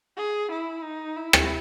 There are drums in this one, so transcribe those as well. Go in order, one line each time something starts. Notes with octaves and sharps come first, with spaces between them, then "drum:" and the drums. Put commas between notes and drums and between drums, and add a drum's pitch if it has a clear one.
G#4
E4
D#4
E4
drum: rim click